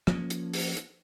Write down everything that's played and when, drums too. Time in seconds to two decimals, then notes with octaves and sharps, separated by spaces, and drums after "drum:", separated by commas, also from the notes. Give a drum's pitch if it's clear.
0.07 F3 A#3 C#4, drum: rim click
0.30 drum: hi-hat
0.53 drum: open hi-hat
0.77 drum: hi-hat